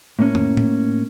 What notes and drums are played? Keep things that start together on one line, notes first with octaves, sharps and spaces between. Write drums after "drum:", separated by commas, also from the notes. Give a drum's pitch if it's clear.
A2 A#3 C#4
drum: tom
drum: tom A2